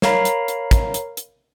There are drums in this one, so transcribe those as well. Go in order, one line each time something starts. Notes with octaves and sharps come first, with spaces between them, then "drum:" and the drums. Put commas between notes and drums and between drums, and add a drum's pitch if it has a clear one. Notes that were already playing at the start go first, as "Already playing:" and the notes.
A#4 C#5 F5 A#5 B5, drum: snare
drum: hi-hat
drum: hi-hat
drum: kick, hi-hat
drum: hi-hat
drum: hi-hat